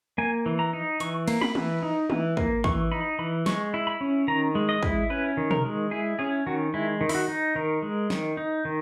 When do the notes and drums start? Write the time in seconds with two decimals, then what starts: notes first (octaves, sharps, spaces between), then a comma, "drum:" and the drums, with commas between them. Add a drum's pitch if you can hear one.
0.18 A#3 G#5
0.46 E3
0.59 A#5
0.73 D#4
1.00 E3 C#6, drum: hi-hat
1.28 A#3, drum: cymbal
1.41 B5, drum: tom
1.55 E3, drum: tom
1.83 D#4
2.10 E3, drum: tom
2.37 A#3, drum: kick
2.64 E3 C#6, drum: kick
2.92 D#4 B5
3.19 E3 B5
3.46 G#3 C#6, drum: snare
3.74 E4
3.87 B5
4.01 C#4
4.28 D#3 A#5
4.55 G#3
4.69 D#5
4.83 E4, drum: kick
5.10 C#4 B4
5.37 D#3
5.51 A#4, drum: tom
5.65 G#3
5.91 E4 G#4
6.19 C#4 G#4
6.46 D#3 F#4
6.74 G#3 E4
7.01 D#3
7.09 E4, drum: open hi-hat
7.15 F#4
7.28 D#4
7.56 D#3 A#4
7.82 G#3
8.10 D#3, drum: snare
8.37 D#4
8.65 D#3